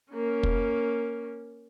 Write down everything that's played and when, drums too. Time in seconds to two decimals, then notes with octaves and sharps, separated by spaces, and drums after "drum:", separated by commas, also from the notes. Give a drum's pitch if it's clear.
0.13 A#3 C#4
0.43 drum: kick